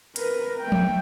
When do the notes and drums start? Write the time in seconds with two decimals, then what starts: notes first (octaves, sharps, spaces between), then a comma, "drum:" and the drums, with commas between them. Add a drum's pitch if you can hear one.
0.16 A#4 B4, drum: hi-hat
0.61 A3 G5
0.72 drum: tom F3